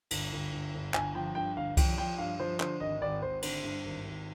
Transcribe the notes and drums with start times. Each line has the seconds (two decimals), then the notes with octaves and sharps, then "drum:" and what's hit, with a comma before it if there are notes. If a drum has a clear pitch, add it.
0.11 G1, drum: cymbal
0.33 G1
0.52 G1
0.74 G1
0.94 G1 G#5, drum: clap
1.15 F3 G5
1.35 G2 G5
1.56 G1 F5
1.77 F3 G5, drum: kick C2, cymbal
1.98 F3 G5
2.18 G2 F5
2.40 F3 C5
2.60 D3 C5, drum: clap
2.80 G#1 D#5
3.01 G#1 D5
3.22 G#1 C5
3.43 D3 C5, drum: cymbal
3.64 G2
3.85 G#1
4.05 G#1